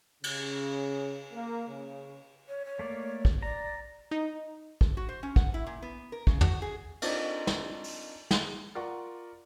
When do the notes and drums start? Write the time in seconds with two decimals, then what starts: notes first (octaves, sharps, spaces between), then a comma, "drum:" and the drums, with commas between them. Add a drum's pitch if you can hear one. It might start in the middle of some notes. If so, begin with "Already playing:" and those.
0.24 C#3, drum: cymbal
1.33 A#3
1.68 C#3
2.49 C#5
2.65 C#5
2.79 A3 A#3 D5
3.25 drum: kick
3.43 D5 A#5
4.11 D#4
4.81 drum: kick
4.97 F#4
5.09 C5
5.23 C#4
5.36 F#5, drum: kick
5.54 E4
5.67 A#2
5.82 B3
6.12 A#4
6.27 C#3, drum: kick
6.41 F#4, drum: tom
6.62 G#4
7.02 C4 D4 D#4 F4 A#4 C5, drum: cymbal
7.47 drum: snare
7.84 drum: open hi-hat
8.31 drum: snare
8.75 F4 A#4 D5 F#5 C#6